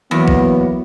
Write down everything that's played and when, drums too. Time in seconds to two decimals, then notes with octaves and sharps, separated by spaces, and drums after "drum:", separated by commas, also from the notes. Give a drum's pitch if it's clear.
0.11 E2 F#3 A#3 B3
0.28 drum: kick A#1